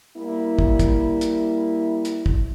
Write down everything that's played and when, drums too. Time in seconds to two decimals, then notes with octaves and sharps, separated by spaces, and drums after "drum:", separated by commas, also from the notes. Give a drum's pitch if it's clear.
0.17 G3 A#3 E4
0.59 drum: kick
0.79 drum: kick, hi-hat
1.21 drum: hi-hat
2.05 drum: hi-hat
2.26 drum: kick